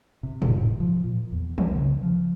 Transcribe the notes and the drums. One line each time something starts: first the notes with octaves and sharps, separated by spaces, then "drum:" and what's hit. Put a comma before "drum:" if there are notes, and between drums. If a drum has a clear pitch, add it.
C3
F1, drum: tom
F3
A#2
E2
C2, drum: tom
C#3
F3